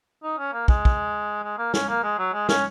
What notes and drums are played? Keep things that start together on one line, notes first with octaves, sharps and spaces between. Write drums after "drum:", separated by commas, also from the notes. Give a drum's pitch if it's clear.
D#4
C#4
A#3
G#3, drum: kick
drum: kick
G#3
A#3
C#4, drum: snare
A#3
G#3
F#3
G#3
C#4, drum: snare